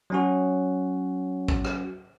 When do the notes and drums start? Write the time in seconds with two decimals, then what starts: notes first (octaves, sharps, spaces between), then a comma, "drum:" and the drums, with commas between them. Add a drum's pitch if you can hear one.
0.10 F#3 C#4 F#4
1.48 drum: kick
1.64 drum: rim click